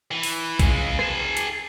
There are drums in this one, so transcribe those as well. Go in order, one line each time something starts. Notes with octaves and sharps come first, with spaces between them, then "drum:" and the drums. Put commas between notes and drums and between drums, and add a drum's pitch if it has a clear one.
E3
drum: open hi-hat
C#3 G#3, drum: kick A#1, hi-hat
G#4 A5, drum: rim click
drum: hi-hat